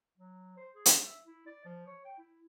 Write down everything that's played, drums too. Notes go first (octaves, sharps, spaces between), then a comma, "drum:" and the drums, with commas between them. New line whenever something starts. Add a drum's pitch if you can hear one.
F#3
C5
G#4
drum: hi-hat
E5
E4
D5
F3
C#5
G5
E4